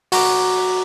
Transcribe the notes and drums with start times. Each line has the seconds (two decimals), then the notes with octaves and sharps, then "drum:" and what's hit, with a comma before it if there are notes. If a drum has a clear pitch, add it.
0.12 F#4 A#5 D6, drum: open hi-hat